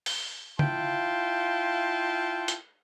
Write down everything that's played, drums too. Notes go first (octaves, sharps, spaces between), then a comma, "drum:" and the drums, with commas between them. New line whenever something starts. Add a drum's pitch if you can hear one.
drum: open hi-hat
E4 F4 F5 G5 A5 C6, drum: tom C#3
drum: hi-hat